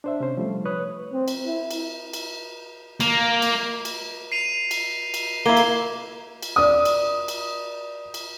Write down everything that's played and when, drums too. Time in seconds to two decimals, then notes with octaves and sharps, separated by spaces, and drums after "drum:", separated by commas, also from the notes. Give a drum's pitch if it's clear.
0.04 D4 C5 E5
0.20 C3 C#4 C5
0.37 F3 G3 A3
0.65 B4 C#5 D#6 F#6
1.13 C4
1.28 drum: cymbal
1.46 E4
1.71 drum: cymbal
2.13 drum: cymbal
3.00 A#3, drum: cymbal
3.42 drum: cymbal
3.85 drum: cymbal
4.32 C7 D#7 F7
4.71 drum: cymbal
5.14 drum: cymbal
5.46 A#3 E4 G#6 G7
5.57 drum: cymbal
6.43 drum: cymbal
6.56 D5 D#6
6.85 drum: cymbal
7.28 drum: cymbal
8.14 drum: cymbal